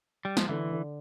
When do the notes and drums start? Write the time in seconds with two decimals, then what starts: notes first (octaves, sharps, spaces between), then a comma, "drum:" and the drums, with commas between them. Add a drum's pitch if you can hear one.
0.25 G3
0.37 F3, drum: snare
0.49 D3 E3
0.72 D3